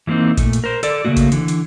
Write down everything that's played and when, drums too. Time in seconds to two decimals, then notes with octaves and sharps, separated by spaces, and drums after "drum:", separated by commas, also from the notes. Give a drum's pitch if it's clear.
0.07 E3 F#3 A#3 C4 D#4
0.37 A#2 A3, drum: kick A1, hi-hat
0.53 drum: hi-hat
0.64 A#4 C5
0.83 A4 D5, drum: hi-hat
1.05 C#3 E3 A3 A#3 F#4
1.17 drum: kick A1, hi-hat
1.32 D3 E3, drum: hi-hat
1.48 drum: hi-hat